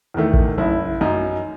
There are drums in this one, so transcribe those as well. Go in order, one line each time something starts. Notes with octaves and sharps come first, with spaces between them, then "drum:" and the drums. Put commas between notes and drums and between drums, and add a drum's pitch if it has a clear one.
E2 D#3 A3
drum: kick A1
F#1 E4
F#2 F#3 D#4